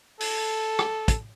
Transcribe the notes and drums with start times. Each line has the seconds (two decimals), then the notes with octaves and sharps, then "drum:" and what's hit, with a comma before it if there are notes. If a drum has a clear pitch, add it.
0.20 A4, drum: open hi-hat
0.79 drum: rim click
1.08 drum: kick, hi-hat